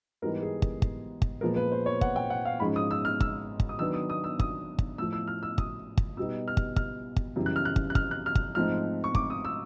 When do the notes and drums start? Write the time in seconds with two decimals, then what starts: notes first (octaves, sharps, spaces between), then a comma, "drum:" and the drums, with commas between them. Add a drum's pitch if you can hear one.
0.22 G#2 E3 G3 B3 D#4 A#4
0.43 G#4
0.62 drum: kick
0.82 drum: kick
1.22 drum: kick
1.41 A#2 F3 G#3 B3 A#4
1.56 B4
1.72 C5
1.86 C#5
2.01 F#5, drum: kick
2.16 G5
2.30 F#5
2.45 F5
2.60 G#2 F3 G#3 C#4 B5
2.76 D#6
2.91 E6
3.05 F6
3.20 E6, drum: kick
3.60 drum: kick
3.69 D#6
3.79 D#3 F#3 B3 D4 E6
3.94 D#6
4.10 D#6
4.24 E6
4.39 D#6, drum: kick
4.79 drum: kick
4.98 A2 F3 A3 E6
5.13 E6
5.27 F6
5.43 E6
5.58 D#6, drum: kick
5.97 drum: kick
6.17 B2 G3 B3 D#4 E6
6.48 F6
6.57 drum: kick
6.76 F6, drum: kick
7.16 drum: kick
7.36 F#2 C#3 E3 G3
7.46 F#6
7.56 F6
7.65 F#6
7.76 drum: kick
7.90 F#6
7.95 F6, drum: kick
8.11 F#6
8.26 F6
8.35 drum: kick
8.55 G#2 F3 A3 C4 D#4 F6
9.04 C#6
9.15 D6, drum: kick
9.30 D#6
9.45 E6